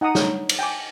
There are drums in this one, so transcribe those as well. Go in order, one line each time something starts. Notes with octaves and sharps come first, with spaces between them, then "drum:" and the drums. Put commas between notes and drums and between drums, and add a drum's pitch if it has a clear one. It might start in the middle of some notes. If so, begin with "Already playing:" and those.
D#4 F#5 A#5 D#6
D4 C#5, drum: snare
drum: cymbal
G5 G#5 D6